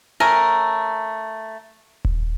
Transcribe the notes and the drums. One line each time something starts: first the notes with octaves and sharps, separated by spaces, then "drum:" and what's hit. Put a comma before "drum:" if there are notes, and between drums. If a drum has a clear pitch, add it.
A3 C#4 A#4 G#5
drum: kick D#1